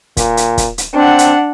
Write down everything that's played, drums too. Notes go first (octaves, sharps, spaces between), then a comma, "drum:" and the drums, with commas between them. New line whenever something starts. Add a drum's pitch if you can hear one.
A#2, drum: kick, hi-hat
drum: hi-hat
drum: kick, hi-hat
drum: hi-hat
C4 D4 F#5
drum: hi-hat